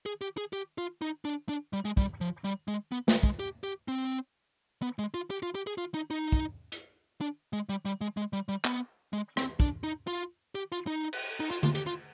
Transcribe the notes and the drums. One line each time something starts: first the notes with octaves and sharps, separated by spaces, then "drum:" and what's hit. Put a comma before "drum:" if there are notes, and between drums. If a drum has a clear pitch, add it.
G#4
G4
G#4
G4
F4
D#4
D4
D4
G3
G#3
G3, drum: kick
F3
G3
G#3
B3
G#3, drum: snare
G#3, drum: kick
G4
G4
C4
B3
G#3
F4
G4
F4
G4
G#4
F4
D#4
D#4
drum: kick
drum: hi-hat
D4
G#3
G3
G3
G#3
G#3
G3
G3
B3, drum: clap
G#3
C4, drum: rim click
D4, drum: kick
D#4
F4
G4
F4
D#4
drum: cymbal
D#4
F4
F4, drum: tom D3
G4, drum: hi-hat
F4